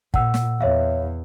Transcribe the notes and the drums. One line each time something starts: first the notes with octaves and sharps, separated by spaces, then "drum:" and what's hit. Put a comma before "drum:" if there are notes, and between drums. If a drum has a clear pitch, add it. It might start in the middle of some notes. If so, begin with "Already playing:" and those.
A#2 F#5 E6, drum: kick
drum: snare
E2 C#5 E5 F5